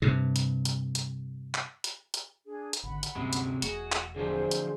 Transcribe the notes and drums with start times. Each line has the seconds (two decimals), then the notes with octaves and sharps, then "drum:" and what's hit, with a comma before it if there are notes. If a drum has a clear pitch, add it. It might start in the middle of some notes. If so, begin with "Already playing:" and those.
0.02 G2 C3
0.36 drum: hi-hat
0.65 drum: hi-hat
0.95 drum: hi-hat
1.54 drum: clap
1.84 drum: hi-hat
2.14 drum: hi-hat
2.47 D4 G#4
2.73 drum: hi-hat
2.83 G#1 D3 F#5 B5
3.03 drum: hi-hat
3.15 D2 G2 C3 F#3 G#3 C#4
3.33 drum: hi-hat
3.62 E1 A3 F#4 G#4 D#5, drum: hi-hat
3.92 drum: clap
4.16 D3 F3 F#3 G#4 C5
4.51 drum: hi-hat